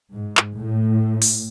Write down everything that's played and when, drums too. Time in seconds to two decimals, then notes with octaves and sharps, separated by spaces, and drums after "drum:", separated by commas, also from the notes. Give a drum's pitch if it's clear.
0.10 G#2
0.37 drum: clap
0.55 A2
1.22 drum: open hi-hat